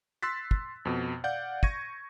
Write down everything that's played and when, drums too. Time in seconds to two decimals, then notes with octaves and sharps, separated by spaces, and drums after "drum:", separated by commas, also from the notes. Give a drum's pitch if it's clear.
0.23 C6 E6 F#6 A6 B6
0.51 drum: kick
0.85 F2 B2
1.24 D5 F5 F#5 G6
1.63 C#6 G#6 A#6 C#7 D#7, drum: kick